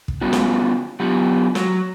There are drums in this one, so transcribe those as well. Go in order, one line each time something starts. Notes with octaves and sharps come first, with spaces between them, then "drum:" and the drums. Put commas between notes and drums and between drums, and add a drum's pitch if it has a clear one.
drum: kick
G3 B3 C#4 F4 F#4
drum: snare
F#3 B3 F4 G4
F#3, drum: snare